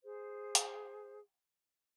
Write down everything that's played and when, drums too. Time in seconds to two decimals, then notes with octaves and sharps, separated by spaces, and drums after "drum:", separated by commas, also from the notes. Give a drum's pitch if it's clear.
0.03 G#4 C5
0.55 drum: hi-hat